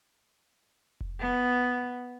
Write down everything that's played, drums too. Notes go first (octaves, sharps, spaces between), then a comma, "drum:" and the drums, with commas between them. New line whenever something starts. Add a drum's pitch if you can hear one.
drum: kick F1
B3